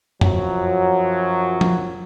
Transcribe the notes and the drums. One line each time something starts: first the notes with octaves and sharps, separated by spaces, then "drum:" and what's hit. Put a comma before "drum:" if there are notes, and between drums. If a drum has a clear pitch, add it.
F#2 F3 F#3, drum: tom F2
drum: tom F3